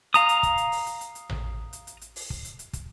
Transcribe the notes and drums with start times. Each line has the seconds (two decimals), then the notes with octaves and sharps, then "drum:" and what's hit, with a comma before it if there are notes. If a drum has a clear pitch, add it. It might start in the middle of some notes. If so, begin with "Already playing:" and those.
0.14 F5 A#5 D#6, drum: hi-hat
0.29 drum: hi-hat
0.43 drum: kick, hi-hat
0.58 drum: hi-hat
0.72 drum: open hi-hat
0.86 drum: hi-hat
1.01 drum: hi-hat
1.15 drum: hi-hat
1.29 drum: tom A1
1.73 drum: hi-hat
1.87 drum: hi-hat
2.01 drum: hi-hat
2.16 drum: open hi-hat
2.30 drum: kick
2.45 drum: hi-hat
2.59 drum: hi-hat
2.73 drum: kick, hi-hat